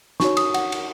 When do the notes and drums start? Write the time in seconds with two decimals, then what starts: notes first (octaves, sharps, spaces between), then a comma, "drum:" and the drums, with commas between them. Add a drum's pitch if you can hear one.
0.20 D#4 F#4 C#5 C#6, drum: snare
0.37 D#6, drum: cymbal
0.54 F#5, drum: cymbal
0.72 drum: cymbal